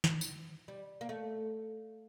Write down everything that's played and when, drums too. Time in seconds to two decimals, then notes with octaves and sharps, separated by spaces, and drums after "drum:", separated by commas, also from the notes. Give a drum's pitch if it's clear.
0.04 drum: snare
0.21 drum: tambourine
0.68 G3
1.01 A#3
1.09 A3